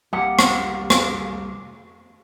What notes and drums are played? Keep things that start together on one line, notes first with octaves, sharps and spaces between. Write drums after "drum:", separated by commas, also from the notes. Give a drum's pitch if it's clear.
C2 A#3 G4 F#5
drum: rim click
drum: rim click